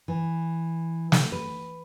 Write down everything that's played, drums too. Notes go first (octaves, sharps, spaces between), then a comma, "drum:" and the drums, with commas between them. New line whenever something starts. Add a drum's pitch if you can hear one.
E3
drum: snare
B4